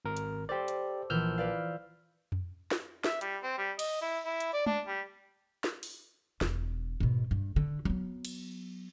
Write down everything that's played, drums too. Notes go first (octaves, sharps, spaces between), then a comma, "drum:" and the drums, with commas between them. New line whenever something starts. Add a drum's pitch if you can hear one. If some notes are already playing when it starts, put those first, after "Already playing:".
G#1 A#4
drum: hi-hat
G4 A4 C5 D5
drum: hi-hat
A#1 E3 E6 F6 G6
B4 D5 F5
drum: tom F2
drum: snare
E5, drum: snare
G3, drum: hi-hat
C4
G3
D#5, drum: cymbal
E4
E4
drum: hi-hat
D5
D4, drum: tom
G3
drum: snare
drum: open hi-hat
E1, drum: snare
G#2 B2
G2
D3
F#3 B3
drum: cymbal